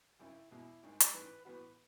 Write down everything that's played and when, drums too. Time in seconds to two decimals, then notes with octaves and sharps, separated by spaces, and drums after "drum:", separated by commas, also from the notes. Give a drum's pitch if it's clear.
0.19 G#1 F#2 C#3 E4
0.50 E2 B2 G#3 E4
0.83 G#1 G#2 G#3
1.00 drum: hi-hat
1.13 A1 G#2 E3 B4
1.45 A2 E3 B3 F#4 B4